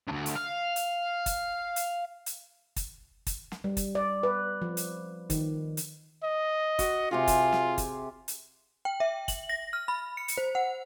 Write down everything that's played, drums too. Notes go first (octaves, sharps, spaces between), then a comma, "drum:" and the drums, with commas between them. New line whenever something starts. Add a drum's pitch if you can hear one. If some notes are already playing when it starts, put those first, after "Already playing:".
D2 G2
drum: hi-hat
F5
drum: hi-hat
drum: kick, hi-hat
drum: hi-hat
drum: hi-hat
drum: kick, hi-hat
drum: kick, hi-hat
drum: snare
G3
drum: kick, hi-hat
D5
B4
F3
drum: hi-hat
D#3, drum: kick, hi-hat
drum: hi-hat
D#5
F#4, drum: kick, hi-hat
C3 F4 G4 G#4
drum: kick, hi-hat
drum: snare
drum: kick, hi-hat
drum: hi-hat
G5
E5
F#7, drum: kick, hi-hat
A#6
F6
B5
C#7
drum: hi-hat
C5
F#5